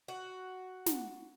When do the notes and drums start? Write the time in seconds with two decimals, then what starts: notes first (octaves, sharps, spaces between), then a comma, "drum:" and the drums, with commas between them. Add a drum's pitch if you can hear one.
0.08 F#4
0.86 drum: snare